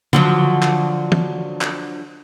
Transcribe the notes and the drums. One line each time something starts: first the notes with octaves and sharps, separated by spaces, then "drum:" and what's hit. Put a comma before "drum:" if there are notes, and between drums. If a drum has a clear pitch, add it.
D3 F3 F#3, drum: tom C#3
drum: clap
drum: tom
drum: clap